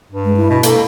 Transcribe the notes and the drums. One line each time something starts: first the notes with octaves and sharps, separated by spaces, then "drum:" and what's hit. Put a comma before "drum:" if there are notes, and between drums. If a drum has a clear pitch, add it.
G2
G#3
E4
B2
A#3 A4, drum: hi-hat